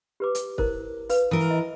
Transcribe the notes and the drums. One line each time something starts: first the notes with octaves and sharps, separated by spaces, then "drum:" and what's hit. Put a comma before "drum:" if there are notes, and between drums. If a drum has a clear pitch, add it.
G4 B4 D6
drum: hi-hat
E4 A#4 C5, drum: kick
B4 F5, drum: open hi-hat
E3 A#4 D#6
D#5